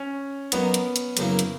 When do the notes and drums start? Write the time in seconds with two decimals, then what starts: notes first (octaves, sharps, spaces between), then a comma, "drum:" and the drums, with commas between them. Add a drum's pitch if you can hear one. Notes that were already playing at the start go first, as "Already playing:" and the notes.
Already playing: C#4
0.52 F#3 A#3 B3 D#4, drum: hi-hat
0.74 drum: hi-hat
0.96 drum: hi-hat
1.17 F#2 C#3 F#3 A#3 E4, drum: hi-hat
1.39 drum: hi-hat